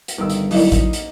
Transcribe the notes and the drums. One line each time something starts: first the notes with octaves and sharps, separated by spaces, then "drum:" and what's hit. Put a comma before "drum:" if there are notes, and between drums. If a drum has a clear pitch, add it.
drum: hi-hat
G1 D#3 E6
drum: hi-hat
F#3 A#3 D#4 E4 D5, drum: open hi-hat
drum: kick A1, hi-hat
drum: hi-hat